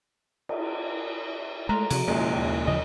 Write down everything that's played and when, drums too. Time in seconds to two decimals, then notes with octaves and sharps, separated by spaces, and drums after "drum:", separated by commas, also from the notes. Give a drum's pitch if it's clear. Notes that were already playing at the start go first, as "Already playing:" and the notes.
0.49 drum: cymbal
1.69 G#3 A3 A4 A#5 C6 F6
1.90 C3 F3 F#4 G#4, drum: cymbal
2.08 F#1 B2 G#3 A#3, drum: cymbal
2.34 D#2
2.67 C#3 F3 D#5